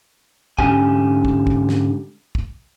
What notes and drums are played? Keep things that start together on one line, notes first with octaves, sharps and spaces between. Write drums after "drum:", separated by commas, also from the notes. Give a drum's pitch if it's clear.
G#2 D3 C#4 G4 G#5, drum: kick
drum: kick
drum: kick
drum: snare
drum: kick